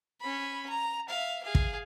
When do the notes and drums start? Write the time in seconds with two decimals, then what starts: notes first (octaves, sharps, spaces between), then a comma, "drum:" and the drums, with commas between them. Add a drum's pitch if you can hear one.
0.21 C#4 B5
0.69 A#5
1.09 E5 F5
1.43 G#4 F5
1.55 drum: kick